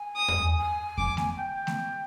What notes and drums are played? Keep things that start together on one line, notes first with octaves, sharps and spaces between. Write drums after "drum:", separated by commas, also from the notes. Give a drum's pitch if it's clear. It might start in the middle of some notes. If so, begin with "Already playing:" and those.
Already playing: G#5
D#6
drum: tom E2
G#5
D6, drum: kick F2
drum: snare A3
G5
drum: snare A3